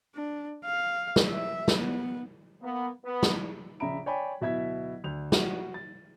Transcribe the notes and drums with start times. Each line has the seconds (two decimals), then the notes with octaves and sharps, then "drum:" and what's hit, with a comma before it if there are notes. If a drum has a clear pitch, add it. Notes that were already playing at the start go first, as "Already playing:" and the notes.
0.15 D4
0.64 F5
1.16 drum: snare
1.29 E5
1.68 drum: snare
1.78 B3
2.62 A#3 B3
3.04 B3
3.23 drum: snare
3.80 A#1 C#3 E5 A#5 B5 D7
4.06 C#5 D5 G5 G#5 B5
4.41 D1 B2 E4 E5 G#6 B6
5.04 D2 F7
5.32 F#4, drum: snare
5.74 A6